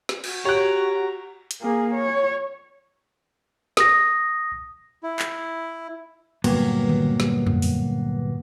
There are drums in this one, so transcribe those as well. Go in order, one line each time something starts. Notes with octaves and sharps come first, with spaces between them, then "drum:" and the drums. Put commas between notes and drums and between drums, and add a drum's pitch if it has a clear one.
drum: snare
F#4, drum: cymbal
G4 C#5 A#5 F#6 D7
drum: hi-hat
A#3 G#4
C#5
D#6 A#6, drum: snare
E4
drum: clap
D2 G2 A#2 F#3 A#3 B3, drum: cymbal
drum: tom D3
drum: snare
drum: tom F2
drum: open hi-hat